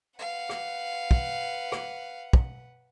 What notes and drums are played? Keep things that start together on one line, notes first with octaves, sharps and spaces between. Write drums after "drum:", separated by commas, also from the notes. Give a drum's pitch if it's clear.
B4 F5 F#5
drum: rim click
drum: kick
drum: rim click
drum: kick